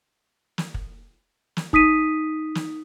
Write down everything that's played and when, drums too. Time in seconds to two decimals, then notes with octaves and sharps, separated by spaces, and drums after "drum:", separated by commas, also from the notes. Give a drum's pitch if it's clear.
0.58 drum: snare
0.74 drum: kick
1.57 drum: snare
1.73 D#4 D#6 B6 D#7, drum: kick
2.55 drum: snare